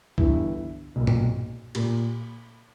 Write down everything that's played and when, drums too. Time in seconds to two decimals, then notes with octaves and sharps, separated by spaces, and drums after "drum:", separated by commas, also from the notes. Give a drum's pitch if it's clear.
0.18 G1 G2 E3 E4, drum: kick C2
0.96 B1 A#2
1.07 drum: tom G2
1.75 A#2 G4, drum: cymbal